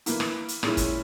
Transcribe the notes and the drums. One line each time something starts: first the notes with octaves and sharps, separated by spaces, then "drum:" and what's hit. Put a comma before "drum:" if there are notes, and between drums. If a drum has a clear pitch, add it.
E3 A#3 E4, drum: hi-hat
drum: rim click
drum: hi-hat
A#2 G#3 C#4 E4, drum: rim click
drum: kick, hi-hat